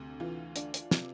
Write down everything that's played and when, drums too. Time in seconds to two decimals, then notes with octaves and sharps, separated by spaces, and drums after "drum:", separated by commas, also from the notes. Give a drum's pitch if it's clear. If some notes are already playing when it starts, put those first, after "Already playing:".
Already playing: D2 C3
0.20 E3 F4
0.56 D4, drum: hi-hat
0.74 drum: hi-hat
0.91 C3, drum: snare